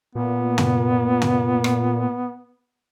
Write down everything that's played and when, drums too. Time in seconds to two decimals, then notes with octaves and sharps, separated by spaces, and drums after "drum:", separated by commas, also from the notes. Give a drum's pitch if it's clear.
0.15 A#2 B3
0.58 drum: tom
1.22 drum: tom
1.64 drum: rim click